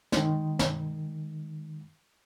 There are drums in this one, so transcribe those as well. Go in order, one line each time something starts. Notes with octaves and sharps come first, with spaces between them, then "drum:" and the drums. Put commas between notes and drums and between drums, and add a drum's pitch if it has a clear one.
D#3 G#3, drum: snare
drum: snare